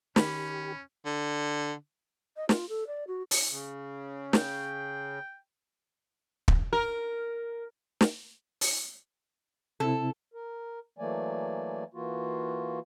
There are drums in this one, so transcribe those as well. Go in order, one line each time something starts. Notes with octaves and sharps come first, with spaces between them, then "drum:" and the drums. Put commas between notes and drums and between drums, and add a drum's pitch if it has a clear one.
D#3 C#4 G4 B5, drum: snare
D3
D#5
F4, drum: snare
A4
D5
F#4
drum: open hi-hat
C#3
G5, drum: snare
drum: kick
A#4
drum: snare
drum: open hi-hat
C3 C4 E4 A4
A#4
E3 F#3 A3 A#3 D5 G#5
E3 A#3 F4 F#4